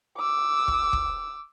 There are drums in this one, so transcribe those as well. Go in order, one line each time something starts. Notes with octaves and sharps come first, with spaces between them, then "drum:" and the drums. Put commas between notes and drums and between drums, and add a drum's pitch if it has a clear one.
D6 E6
drum: kick
drum: kick